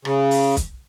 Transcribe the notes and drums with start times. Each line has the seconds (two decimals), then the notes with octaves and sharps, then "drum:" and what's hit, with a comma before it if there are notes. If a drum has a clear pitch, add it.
0.05 C#3, drum: rim click
0.31 drum: open hi-hat
0.57 drum: kick, hi-hat